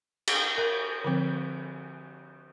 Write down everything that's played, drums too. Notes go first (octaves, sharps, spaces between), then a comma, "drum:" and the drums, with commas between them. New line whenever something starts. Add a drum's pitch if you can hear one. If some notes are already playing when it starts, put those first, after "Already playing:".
drum: cymbal
A#4
D3 F3 C4